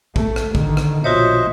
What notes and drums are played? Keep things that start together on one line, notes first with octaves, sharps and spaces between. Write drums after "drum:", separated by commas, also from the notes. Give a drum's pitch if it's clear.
A3, drum: kick A#1
drum: rim click
D3 D#3, drum: kick A#1
drum: rim click
A#1 B2 F4 F#4 C5 C#5 D#5 E5